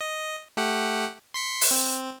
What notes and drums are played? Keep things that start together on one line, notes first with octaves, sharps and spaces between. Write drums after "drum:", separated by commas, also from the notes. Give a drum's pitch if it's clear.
D#5
A3 G4 F#5
C6 B6 C#7
drum: open hi-hat
C4